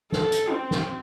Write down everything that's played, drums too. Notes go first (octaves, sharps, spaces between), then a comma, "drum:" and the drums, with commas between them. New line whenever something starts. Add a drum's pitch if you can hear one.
A4, drum: snare
drum: hi-hat
C4
drum: snare